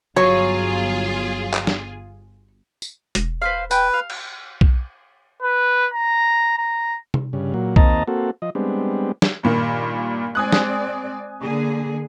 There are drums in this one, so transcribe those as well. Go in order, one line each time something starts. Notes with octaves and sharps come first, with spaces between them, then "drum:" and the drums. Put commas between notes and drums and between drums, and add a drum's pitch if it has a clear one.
G1 F#3 F4 G#4 C#5
drum: clap
drum: snare
drum: tambourine
E1, drum: hi-hat
B4 C5 F5
B4 G5 G#5, drum: tambourine
F5
drum: cymbal
drum: kick B1
B4
A#5
A#5
drum: tom C3
G2 C#3
A#2 F#3
D#2 A#3 C4 D#5 A5 A#5, drum: kick B1
A#3 C4 F#4 A4
F3 D#5
G3 G#3 B3 C4 D4
drum: snare
G2 A#2 D#3
G#3 C4 D5 G#5 D#6 F#6
drum: snare
D3 A#3 G#4